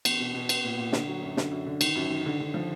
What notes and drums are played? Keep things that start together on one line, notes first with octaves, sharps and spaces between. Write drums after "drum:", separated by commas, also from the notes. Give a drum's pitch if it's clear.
E2, drum: cymbal
B2
B2
B3, drum: cymbal
A#2
A#2
D3, drum: snare
F#3
F#2
D3, drum: snare
F#2
D3
D#3, drum: cymbal
F#2
D#3
D3
D3
F3